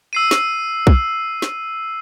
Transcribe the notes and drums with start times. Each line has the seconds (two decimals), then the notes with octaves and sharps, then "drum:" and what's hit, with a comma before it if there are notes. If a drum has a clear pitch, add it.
0.13 E6 C7 D#7
0.31 drum: snare
0.87 drum: kick B1
1.42 drum: snare